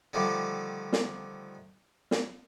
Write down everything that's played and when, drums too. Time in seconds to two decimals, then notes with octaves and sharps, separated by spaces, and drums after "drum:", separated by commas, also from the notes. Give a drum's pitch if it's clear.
0.13 D3 D#3 F3 G3 A3
0.93 drum: snare
2.11 drum: snare